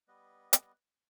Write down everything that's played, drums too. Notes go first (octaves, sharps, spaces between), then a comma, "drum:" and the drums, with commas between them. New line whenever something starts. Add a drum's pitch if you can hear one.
G3 B3 B4 D#5
drum: hi-hat